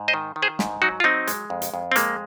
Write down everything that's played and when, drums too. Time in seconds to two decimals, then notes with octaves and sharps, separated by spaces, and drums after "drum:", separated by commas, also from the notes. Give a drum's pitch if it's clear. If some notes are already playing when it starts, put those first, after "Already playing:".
Already playing: G#2
0.08 C5 D#5
0.14 D#3
0.36 D#3
0.42 G#4 C5
0.59 G#2, drum: snare
0.82 F#3 D#4 F#4
1.00 F4
1.04 F#3 C4 D#4
1.27 G#3, drum: hi-hat
1.50 F2
1.62 drum: hi-hat
1.74 F2
1.92 C4
1.96 G#3 A#3, drum: hi-hat